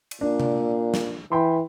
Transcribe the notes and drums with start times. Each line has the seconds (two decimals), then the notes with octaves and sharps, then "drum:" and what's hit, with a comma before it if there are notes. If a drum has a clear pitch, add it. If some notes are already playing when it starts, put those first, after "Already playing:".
0.11 drum: cymbal
0.21 A#2 D4
0.40 drum: tom C3
0.94 drum: snare
1.32 E3 G5 B5 C6